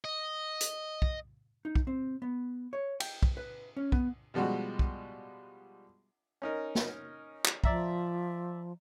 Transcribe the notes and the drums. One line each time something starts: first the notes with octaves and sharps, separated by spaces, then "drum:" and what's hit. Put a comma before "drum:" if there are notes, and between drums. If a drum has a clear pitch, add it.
D#5
drum: hi-hat
drum: kick
D#4
drum: kick
C4
B3
C#5
G5, drum: cymbal
drum: kick
B4
C#4
B3, drum: kick
B2 F3 G3 G#3 F#4
drum: kick
C#4 D#4 A#4
drum: snare
drum: clap
F3 D5 E5 A#5, drum: kick